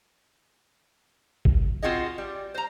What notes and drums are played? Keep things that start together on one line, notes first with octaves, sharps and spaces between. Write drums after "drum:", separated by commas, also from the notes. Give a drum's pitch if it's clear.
drum: kick G#1
C4 F4 F#4 G#4 D#5
G3
C5 A#5